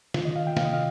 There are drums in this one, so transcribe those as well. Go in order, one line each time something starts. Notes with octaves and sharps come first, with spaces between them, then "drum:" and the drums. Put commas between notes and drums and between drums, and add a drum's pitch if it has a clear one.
D#3 F4, drum: snare
D#5
D#3 F5
G5
C3 F5, drum: snare
D#5
F5